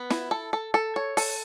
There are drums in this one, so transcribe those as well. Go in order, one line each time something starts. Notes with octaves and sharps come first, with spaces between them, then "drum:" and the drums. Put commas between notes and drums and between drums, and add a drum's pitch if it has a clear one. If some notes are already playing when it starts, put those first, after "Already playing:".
Already playing: B3
E4, drum: snare
A4
A4
A4
C#5
A4, drum: open hi-hat